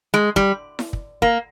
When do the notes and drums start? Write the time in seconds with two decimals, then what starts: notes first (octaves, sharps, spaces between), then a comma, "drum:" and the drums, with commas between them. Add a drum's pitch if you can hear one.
0.14 G#3
0.36 G3, drum: kick
0.79 drum: snare E4
0.93 drum: kick
1.22 A#3, drum: kick